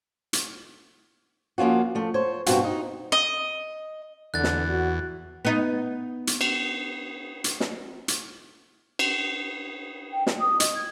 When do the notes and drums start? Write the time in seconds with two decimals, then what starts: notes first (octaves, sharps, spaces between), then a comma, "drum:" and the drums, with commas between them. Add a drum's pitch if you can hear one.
0.33 drum: hi-hat
1.58 F3 A#3 C#4 F4 F#4
1.95 F3 A3
2.14 C5 C#5
2.46 G2 B2 C4 F4 F#4, drum: hi-hat
2.64 D#4
3.12 D#5
4.34 E2 D3 F#6 A6
4.44 drum: snare
4.69 F#4
5.45 B3 D#4
6.27 drum: hi-hat
6.41 drum: cymbal
7.44 drum: hi-hat
7.60 drum: snare
8.08 drum: hi-hat
8.99 drum: cymbal
10.12 G5
10.27 G4, drum: snare
10.39 D#6
10.60 D#5, drum: hi-hat
10.74 G#6